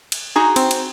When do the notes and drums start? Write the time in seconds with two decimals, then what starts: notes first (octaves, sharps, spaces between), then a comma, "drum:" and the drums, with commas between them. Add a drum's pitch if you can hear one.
0.12 drum: cymbal
0.36 D#4 F#4 G#4 A#5
0.56 C4, drum: cymbal
0.71 drum: cymbal